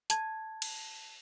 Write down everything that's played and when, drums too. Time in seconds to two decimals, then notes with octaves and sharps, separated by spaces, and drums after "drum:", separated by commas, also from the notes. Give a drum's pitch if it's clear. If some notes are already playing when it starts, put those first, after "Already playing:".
0.10 A5 G#6, drum: hi-hat
0.62 drum: cymbal